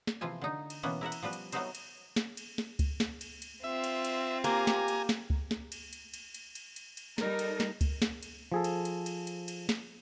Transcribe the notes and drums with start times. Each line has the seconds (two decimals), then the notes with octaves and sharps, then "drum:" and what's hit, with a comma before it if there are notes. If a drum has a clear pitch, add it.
0.07 drum: snare
0.21 C3 E3 F3 F4 G#5
0.41 D3 D#4
0.70 drum: cymbal
0.83 B2 E3 A#3 B3 C#4
1.01 E4 A#4 E5 F#5
1.12 drum: cymbal
1.23 F3 G3 B3 B4
1.33 drum: cymbal
1.52 F#3 A3 B3 C4 D#4 C5, drum: cymbal
1.75 drum: cymbal
2.16 drum: snare
2.37 drum: cymbal
2.58 drum: snare
2.79 drum: kick C#2, cymbal
3.00 drum: snare
3.21 drum: cymbal
3.42 drum: cymbal
3.64 C4 F4 E5
3.84 drum: cymbal
4.05 drum: cymbal
4.44 A#3 G4 G#5 A#5, drum: cymbal
4.67 drum: snare
4.88 drum: cymbal
5.09 drum: snare
5.30 drum: kick C#2
5.51 drum: snare
5.72 drum: cymbal
5.93 drum: cymbal
6.14 drum: cymbal
6.34 drum: cymbal
6.55 drum: cymbal
6.76 drum: cymbal
6.97 drum: cymbal
7.18 G3 D#4 A4 A#4, drum: snare
7.39 drum: cymbal
7.60 drum: snare
7.81 drum: kick C#2, cymbal
8.02 drum: snare
8.23 drum: cymbal
8.52 F3 G#4 A4
8.64 drum: cymbal
8.85 drum: cymbal
9.06 drum: cymbal
9.27 drum: cymbal
9.48 drum: cymbal
9.69 drum: snare